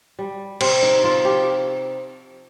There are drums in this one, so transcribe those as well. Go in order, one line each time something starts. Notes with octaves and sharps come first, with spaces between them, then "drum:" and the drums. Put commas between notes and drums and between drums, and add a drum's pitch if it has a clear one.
G3
C3 C4, drum: cymbal
D#4
F3 F4
G4